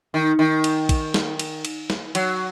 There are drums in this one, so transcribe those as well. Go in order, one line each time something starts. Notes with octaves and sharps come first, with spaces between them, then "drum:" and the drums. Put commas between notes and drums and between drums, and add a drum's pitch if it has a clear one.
D#3
D#3
drum: cymbal
drum: kick, cymbal
drum: snare
drum: cymbal
drum: cymbal
drum: snare
F#3, drum: cymbal